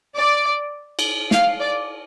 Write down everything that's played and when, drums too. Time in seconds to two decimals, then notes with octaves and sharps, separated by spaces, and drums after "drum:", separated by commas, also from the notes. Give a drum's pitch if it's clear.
0.16 D5
0.99 drum: cymbal
1.31 F5, drum: snare
1.60 D5